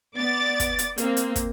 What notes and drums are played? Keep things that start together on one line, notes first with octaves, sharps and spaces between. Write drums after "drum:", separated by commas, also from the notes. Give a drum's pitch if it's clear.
B3 D5 D6 A6
drum: kick, hi-hat
drum: hi-hat
A#3 C4, drum: hi-hat
drum: hi-hat
drum: kick, hi-hat